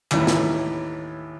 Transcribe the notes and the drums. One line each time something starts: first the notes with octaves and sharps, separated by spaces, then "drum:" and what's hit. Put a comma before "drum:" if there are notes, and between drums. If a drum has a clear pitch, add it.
D#2 A2 E3, drum: clap
drum: snare